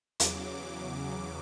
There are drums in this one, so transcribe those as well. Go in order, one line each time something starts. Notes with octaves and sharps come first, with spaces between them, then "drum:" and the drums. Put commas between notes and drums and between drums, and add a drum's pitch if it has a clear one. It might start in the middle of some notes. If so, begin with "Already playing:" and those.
E2 C#3 F#3 D6, drum: hi-hat